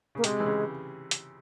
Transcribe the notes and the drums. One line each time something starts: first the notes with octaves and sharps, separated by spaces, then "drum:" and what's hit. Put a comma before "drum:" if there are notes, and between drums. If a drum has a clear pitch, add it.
C#3 A#3
C3 G#3, drum: hi-hat
E3
C#3
drum: hi-hat